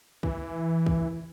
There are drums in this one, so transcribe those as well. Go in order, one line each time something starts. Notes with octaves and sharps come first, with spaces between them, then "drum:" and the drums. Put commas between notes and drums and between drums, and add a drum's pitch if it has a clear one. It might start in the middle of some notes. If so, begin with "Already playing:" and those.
E3, drum: kick
drum: kick